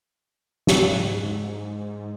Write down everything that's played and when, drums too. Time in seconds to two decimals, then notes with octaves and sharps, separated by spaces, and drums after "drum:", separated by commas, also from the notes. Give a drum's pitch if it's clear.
0.67 G#2, drum: snare